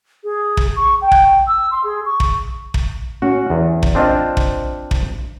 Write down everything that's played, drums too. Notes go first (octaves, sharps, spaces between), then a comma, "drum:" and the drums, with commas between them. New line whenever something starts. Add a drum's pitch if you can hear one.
G#4
drum: kick
C#6
G5
drum: kick
E6
C6
G#4
C#6
drum: kick
drum: kick
C#4 F#4
E2
drum: kick
C4 D4 F4 C5 D#5
drum: kick
drum: kick